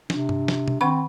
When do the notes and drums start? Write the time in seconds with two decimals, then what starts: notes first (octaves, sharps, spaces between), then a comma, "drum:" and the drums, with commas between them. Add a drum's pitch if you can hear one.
0.10 C3 D4, drum: snare
0.29 drum: tom G2
0.48 drum: snare
0.68 drum: tom B2
0.81 D#3 C4 F#5 B5 C#6